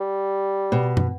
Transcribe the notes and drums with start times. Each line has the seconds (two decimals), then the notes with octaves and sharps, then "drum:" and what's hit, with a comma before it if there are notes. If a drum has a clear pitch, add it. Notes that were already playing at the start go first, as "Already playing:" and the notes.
0.01 G3
0.72 B2
0.97 drum: tom